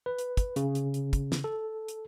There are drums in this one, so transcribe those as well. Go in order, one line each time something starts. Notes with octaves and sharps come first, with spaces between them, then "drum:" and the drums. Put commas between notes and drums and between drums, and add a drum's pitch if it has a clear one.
B4
drum: hi-hat
drum: kick, hi-hat
C#3, drum: hi-hat
drum: hi-hat
drum: hi-hat
drum: kick, hi-hat
drum: snare
A4
drum: hi-hat